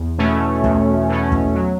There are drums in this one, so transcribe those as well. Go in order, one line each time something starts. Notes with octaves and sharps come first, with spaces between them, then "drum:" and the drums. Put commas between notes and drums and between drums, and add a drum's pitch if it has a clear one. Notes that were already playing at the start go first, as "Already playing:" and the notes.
Already playing: E2
B2 A3 C#4
E2, drum: kick
B2 A3 C#4
drum: kick
F#3